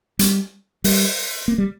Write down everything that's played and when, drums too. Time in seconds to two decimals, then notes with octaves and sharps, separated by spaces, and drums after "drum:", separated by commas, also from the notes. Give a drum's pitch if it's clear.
0.19 G3, drum: hi-hat
0.84 G3, drum: open hi-hat
1.48 A#3
1.58 G3